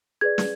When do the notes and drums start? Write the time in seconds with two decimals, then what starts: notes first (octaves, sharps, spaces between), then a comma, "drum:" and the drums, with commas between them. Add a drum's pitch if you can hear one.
0.21 G#4 B4 D5 G#6
0.38 drum: snare